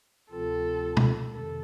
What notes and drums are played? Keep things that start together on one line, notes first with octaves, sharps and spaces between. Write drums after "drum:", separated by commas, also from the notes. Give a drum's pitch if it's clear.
D2 C3 F3 C4 F4 A4
drum: tom
F2 C3 D#3 A4